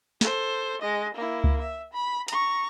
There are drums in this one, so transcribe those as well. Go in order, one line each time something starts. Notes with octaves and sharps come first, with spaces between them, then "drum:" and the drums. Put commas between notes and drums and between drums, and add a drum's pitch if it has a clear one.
A4 C5, drum: snare
G#3 D#5
A#3 E4
drum: kick C#2
E5
B5
A#5 C#6, drum: hi-hat